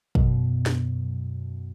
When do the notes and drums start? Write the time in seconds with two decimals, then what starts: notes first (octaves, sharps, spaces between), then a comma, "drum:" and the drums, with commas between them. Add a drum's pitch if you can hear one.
0.15 F#2 B2, drum: kick
0.66 drum: snare